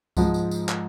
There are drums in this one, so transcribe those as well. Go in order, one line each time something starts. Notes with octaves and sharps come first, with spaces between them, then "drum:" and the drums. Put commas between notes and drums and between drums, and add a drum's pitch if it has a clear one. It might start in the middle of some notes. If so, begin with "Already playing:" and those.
G#2 F3 G#3, drum: kick C#2, tambourine
drum: tambourine
drum: tambourine
drum: clap